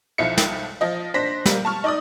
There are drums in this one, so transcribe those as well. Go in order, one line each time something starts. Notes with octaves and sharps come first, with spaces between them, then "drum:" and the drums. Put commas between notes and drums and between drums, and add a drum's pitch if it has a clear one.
B1 F3 E4 C#7
drum: snare
F3 D#5
D4 C5 A#6 B6
G3 A#3, drum: snare
A5 C#6 F6
D#4 D5 D#6